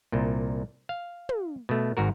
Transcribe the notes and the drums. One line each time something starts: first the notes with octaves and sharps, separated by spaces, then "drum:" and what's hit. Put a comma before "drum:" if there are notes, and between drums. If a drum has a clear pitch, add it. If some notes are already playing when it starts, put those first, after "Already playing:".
C2 A#2
F5
drum: tom
B2 A3
G#1 G#2 F#4 A#4